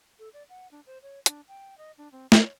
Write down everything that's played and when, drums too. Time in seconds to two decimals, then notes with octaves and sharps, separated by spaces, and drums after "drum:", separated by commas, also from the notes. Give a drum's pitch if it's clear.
0.19 A4
0.34 D5
0.49 F#5
0.71 D4
0.86 C5
1.02 C#5
1.26 D4, drum: hi-hat
1.48 G5
1.78 D#5
1.98 D4
2.12 C4
2.32 C#5, drum: snare